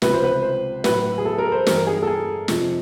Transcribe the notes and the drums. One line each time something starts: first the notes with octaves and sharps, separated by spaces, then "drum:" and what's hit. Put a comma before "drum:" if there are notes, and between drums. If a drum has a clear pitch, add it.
C#2 C3 F3 B4, drum: snare
C5
B4
C5
A2 F#3 B4, drum: snare
G#4
A4
A#4
C5
G2 E3 G3 A#4, drum: snare
G#4
A4
G#4
F2 C3 F3, drum: snare